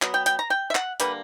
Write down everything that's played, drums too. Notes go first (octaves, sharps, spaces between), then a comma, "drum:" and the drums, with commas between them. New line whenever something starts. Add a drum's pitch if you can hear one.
F#3 B3, drum: clap
G5
G5, drum: hi-hat
A#5
G5
E5
F#5, drum: clap
D3 G3 A#3 B4, drum: hi-hat